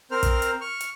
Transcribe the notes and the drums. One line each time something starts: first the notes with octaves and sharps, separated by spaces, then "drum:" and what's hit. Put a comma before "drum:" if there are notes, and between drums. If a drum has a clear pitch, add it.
C4 A#4 C5 F6
drum: kick, hi-hat
drum: hi-hat
C#6 F6
drum: hi-hat